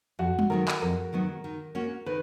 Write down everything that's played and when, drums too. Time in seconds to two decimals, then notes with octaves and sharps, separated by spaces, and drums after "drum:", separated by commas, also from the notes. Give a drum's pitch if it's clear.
0.19 F2 F#4
0.39 drum: tom G3
0.50 D#3 F#3 B3 A#4
0.68 drum: clap
0.82 F2 A#4
1.13 D#3 F#3 B3
1.44 D#3
1.75 A#3 C#4 F#4
2.06 D#3 B4